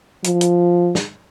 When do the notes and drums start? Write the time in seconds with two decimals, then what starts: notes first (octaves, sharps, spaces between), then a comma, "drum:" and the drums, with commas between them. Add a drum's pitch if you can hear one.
0.24 F3, drum: hi-hat
0.41 drum: hi-hat
0.95 drum: snare